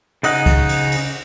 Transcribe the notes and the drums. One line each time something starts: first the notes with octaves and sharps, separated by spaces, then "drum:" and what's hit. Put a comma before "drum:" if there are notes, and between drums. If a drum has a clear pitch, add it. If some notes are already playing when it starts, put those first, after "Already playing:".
C#3 D#4 D#5 F#5, drum: cymbal
drum: kick C2, cymbal
drum: cymbal
drum: cymbal